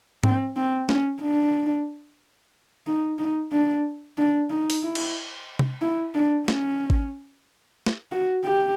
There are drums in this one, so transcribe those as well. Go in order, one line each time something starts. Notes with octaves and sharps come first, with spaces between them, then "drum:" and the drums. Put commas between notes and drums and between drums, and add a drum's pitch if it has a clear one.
C4, drum: tom G#2
C4
C#4, drum: snare
D4
D#4
D#4
D4
D4
D#4
drum: open hi-hat
E4
drum: cymbal
drum: tom C3
E4
D4
C#4, drum: snare
drum: kick G#1
drum: snare
F#4
G4